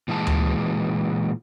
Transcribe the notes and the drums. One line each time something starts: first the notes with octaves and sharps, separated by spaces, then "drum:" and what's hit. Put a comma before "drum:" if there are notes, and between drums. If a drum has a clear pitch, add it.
A#2 E3 G#3 E4 A5
drum: tom D2